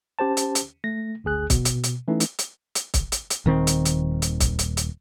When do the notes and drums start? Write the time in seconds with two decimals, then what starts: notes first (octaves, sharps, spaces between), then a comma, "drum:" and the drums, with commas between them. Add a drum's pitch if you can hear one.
0.19 C#4 G4 C5 A5
0.37 drum: hi-hat
0.55 drum: hi-hat
0.84 A3 A#6
1.24 G1 D2 G#4 F#6
1.50 B2, drum: kick, hi-hat
1.65 drum: hi-hat
1.84 drum: hi-hat
2.08 E3 A3 C#4 D#4
2.20 drum: hi-hat
2.39 drum: hi-hat
2.75 drum: hi-hat
2.94 drum: kick, hi-hat
3.12 drum: hi-hat
3.30 drum: hi-hat
3.46 D#1 D#3 C4
3.67 drum: hi-hat
3.85 drum: hi-hat
4.22 drum: hi-hat
4.40 drum: kick, hi-hat
4.59 drum: hi-hat
4.77 drum: hi-hat